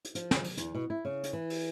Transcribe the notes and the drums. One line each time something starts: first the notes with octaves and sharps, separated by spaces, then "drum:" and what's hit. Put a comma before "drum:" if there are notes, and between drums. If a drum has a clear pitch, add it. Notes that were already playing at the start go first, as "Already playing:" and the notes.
drum: hi-hat
F3, drum: hi-hat
drum: snare
drum: open hi-hat
E2, drum: hi-hat
B2
E4
C#3
drum: hi-hat
E3
drum: open hi-hat